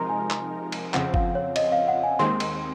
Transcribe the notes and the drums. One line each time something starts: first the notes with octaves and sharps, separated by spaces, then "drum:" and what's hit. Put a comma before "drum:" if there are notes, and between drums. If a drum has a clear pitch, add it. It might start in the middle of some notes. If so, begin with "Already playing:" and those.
Already playing: C3 F3 G#3 D#4 A#4 A#5 C6
G#5
drum: clap
drum: cymbal
F2 C#3 F3 C4 F#5, drum: clap
F5, drum: kick G1
C#5
D#5, drum: cymbal
F5
F#5
G#5
D#2 D#3 G#3 C4 C6
drum: cymbal